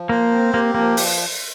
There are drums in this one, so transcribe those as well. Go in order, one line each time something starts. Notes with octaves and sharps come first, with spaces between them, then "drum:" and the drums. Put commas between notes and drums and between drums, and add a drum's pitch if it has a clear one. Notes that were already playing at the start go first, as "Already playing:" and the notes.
Already playing: F3
A#3 C5
C4
A#3 G4
F3 A#3
drum: open hi-hat